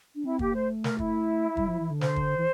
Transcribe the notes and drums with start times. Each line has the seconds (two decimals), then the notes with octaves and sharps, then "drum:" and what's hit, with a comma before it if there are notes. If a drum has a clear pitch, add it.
0.15 D4
0.25 C4 E4
0.39 A#3 G4, drum: kick
0.54 A3 C5
0.84 A#4, drum: snare
0.99 E4, drum: kick
1.57 G3, drum: kick
1.68 F3
1.80 E3
1.90 D3
2.01 C5, drum: snare
2.16 drum: kick
2.37 E3